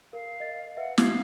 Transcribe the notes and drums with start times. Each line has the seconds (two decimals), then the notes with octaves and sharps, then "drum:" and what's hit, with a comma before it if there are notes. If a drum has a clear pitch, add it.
0.13 A#4 F5
0.40 D#5 A6
0.77 B4 E5 F#5
0.98 F5 D#6 G#6 C7, drum: snare